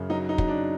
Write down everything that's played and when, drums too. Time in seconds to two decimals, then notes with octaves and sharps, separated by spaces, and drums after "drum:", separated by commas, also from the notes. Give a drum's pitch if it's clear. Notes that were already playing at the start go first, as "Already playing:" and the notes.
Already playing: F#2 C#3
0.10 F#3 D#4
0.29 D#4
0.38 F#3, drum: kick
0.48 D4